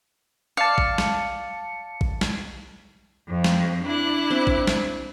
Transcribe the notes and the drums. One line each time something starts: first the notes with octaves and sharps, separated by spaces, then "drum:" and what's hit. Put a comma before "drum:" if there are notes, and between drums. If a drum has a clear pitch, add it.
D5 F5 A5 C#7
drum: kick A1
drum: snare
drum: kick A1
drum: snare
F2
drum: snare
D4 E4 F#6
C4
drum: kick A1
drum: snare